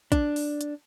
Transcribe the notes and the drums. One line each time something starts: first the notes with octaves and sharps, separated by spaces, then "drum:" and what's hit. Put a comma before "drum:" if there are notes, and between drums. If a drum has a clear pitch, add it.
D4, drum: kick, hi-hat
drum: open hi-hat
drum: hi-hat